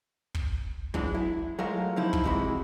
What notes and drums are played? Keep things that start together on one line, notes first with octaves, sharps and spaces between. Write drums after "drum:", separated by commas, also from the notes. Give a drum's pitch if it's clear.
drum: kick
E3 F#3 G#3 D4, drum: kick
E4
F#3 G#3 A3 F4 A4 A#4
F3 D#4 E4
drum: kick
C3 E3 G#3 F#4 B5